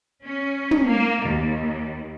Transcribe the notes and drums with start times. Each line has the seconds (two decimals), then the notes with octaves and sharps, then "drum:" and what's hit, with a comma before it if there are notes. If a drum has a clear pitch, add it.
0.25 C#4
0.71 drum: tom
0.86 A#3
1.25 D#2